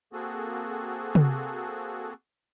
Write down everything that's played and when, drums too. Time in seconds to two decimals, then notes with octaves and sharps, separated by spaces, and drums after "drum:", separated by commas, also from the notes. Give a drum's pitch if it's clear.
0.13 A#3 C4 F#4 G#4 A4
1.15 drum: tom